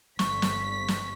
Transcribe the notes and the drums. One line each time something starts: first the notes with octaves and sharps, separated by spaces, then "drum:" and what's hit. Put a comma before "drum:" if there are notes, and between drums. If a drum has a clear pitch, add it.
G1 C#6 B6, drum: snare
drum: snare
drum: snare